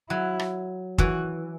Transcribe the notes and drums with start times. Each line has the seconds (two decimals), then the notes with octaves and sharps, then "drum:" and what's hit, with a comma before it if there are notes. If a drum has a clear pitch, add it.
0.10 F#3 E4
0.39 drum: rim click
0.98 E3 F#4, drum: kick